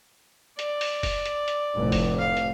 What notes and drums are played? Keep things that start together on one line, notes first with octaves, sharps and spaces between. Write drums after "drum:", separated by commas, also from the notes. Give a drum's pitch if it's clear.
D5, drum: hi-hat
drum: open hi-hat
drum: kick F1, open hi-hat
drum: hi-hat
drum: hi-hat
F1 F2 A2
drum: kick F1, open hi-hat
F5
drum: hi-hat